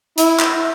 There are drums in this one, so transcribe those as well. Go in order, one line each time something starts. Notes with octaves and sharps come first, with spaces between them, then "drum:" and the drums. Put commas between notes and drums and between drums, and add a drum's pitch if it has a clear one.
E4, drum: hi-hat
drum: clap